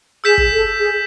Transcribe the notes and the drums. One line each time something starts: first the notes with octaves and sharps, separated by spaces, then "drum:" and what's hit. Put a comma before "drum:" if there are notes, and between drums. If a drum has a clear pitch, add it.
G#4 E6 G6 B6 E7
drum: kick
A4
G#4